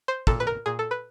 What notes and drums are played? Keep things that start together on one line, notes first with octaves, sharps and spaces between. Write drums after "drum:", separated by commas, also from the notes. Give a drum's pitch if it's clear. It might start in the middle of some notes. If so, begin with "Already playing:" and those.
C5
A#2 A4, drum: kick
B4
A#4
A#2 G#4
A4
B4